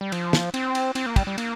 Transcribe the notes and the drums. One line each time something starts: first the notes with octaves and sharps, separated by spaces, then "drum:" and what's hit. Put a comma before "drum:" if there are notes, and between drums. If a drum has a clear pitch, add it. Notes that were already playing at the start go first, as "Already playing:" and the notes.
G3
F3, drum: cymbal
drum: snare
C4, drum: cymbal
drum: cymbal
C4, drum: cymbal
A#3
G3, drum: kick, cymbal
G3
A#3, drum: cymbal